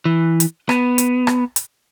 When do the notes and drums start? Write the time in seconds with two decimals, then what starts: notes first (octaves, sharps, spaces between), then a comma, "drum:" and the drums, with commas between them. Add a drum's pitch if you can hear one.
0.05 E3
0.40 drum: hi-hat
0.69 B3, drum: rim click
0.98 drum: hi-hat
1.27 drum: rim click
1.56 drum: hi-hat